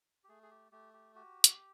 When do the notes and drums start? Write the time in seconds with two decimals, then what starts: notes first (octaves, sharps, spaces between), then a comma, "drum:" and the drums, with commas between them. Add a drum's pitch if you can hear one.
0.24 G4
0.29 A3 G#4
0.43 G#4
0.51 G4
0.72 A3 G4
0.93 G4
1.15 F#4 G4
1.44 drum: hi-hat